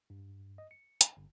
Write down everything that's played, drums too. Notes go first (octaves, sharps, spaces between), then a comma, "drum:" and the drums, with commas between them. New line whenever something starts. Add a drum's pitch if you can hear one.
G2
D#5
C#7
drum: hi-hat
G1